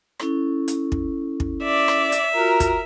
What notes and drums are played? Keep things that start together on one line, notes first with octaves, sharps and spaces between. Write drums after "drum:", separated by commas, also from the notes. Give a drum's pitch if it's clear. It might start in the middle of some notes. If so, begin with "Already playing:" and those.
C#4 E4 A4, drum: rim click
drum: hi-hat
drum: kick
drum: kick
D5 E5
drum: rim click
drum: hi-hat
F4 F#4 A#4
drum: kick, hi-hat